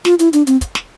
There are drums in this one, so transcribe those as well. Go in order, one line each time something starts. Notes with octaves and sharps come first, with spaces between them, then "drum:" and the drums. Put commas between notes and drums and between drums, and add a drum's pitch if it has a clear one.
F4, drum: snare
E4, drum: hi-hat
D4, drum: hi-hat
C4, drum: hi-hat
drum: kick, hi-hat
drum: snare